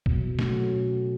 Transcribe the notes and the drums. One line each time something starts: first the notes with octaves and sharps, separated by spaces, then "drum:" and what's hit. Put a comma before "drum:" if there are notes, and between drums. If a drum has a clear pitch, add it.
B2, drum: kick
F#3 A3 C#4 F#4, drum: snare
B2